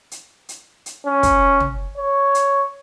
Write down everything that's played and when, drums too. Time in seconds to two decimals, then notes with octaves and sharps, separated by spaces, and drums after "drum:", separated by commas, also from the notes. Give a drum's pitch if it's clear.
0.11 drum: hi-hat
0.49 drum: hi-hat
0.86 drum: hi-hat
1.06 C#4
1.23 drum: kick, hi-hat
1.60 drum: tom
1.97 C#5
2.35 drum: hi-hat